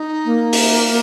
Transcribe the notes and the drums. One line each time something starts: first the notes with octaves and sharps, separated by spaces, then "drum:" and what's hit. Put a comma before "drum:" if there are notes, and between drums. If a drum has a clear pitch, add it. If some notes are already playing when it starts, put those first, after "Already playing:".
Already playing: D#4
A#3
drum: open hi-hat